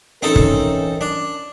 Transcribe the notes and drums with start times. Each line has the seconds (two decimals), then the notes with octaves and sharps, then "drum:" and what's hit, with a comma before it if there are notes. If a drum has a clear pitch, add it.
0.22 E3 C4 C#4 D#4 A4 A#4
0.36 drum: kick
1.01 D4